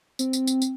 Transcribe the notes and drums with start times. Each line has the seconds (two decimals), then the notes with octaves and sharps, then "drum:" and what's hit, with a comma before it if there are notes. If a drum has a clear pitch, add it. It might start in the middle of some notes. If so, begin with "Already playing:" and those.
0.19 C4, drum: tambourine
0.33 drum: tambourine
0.47 drum: tambourine
0.62 drum: tambourine